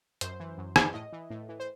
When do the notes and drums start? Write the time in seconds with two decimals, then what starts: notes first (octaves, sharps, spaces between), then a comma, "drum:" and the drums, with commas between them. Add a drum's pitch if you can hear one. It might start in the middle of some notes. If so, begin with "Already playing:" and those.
0.21 F#2 C5, drum: hi-hat
0.40 E3
0.58 F#2
0.76 E3, drum: rim click
0.94 A2 D#5
1.13 E3
1.30 A2
1.49 E3
1.60 C5